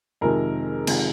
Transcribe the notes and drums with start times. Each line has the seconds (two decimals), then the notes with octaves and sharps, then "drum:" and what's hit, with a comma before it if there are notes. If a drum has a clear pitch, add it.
0.21 F2 C3 D#3 G#3 A#4
0.87 F2 C3 D#3 G#3, drum: cymbal